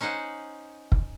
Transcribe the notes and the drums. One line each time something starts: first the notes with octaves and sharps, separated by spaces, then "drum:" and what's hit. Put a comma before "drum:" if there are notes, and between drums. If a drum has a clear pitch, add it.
C#4 D#4 C5 F#5
drum: kick